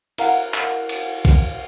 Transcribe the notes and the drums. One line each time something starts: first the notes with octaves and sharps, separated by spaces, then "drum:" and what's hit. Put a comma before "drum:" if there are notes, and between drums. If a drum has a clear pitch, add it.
E4 A#4 F5 F#5, drum: cymbal
drum: clap
drum: cymbal
drum: kick, cymbal